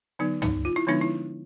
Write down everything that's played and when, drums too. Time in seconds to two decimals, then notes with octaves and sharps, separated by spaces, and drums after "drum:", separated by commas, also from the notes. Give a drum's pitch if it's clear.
0.19 D3 F#3 B3 D#4
0.42 D#4, drum: tom
0.65 F4
0.76 E4
0.87 D3 F3 G#3 B3 D4 D#4
1.01 E4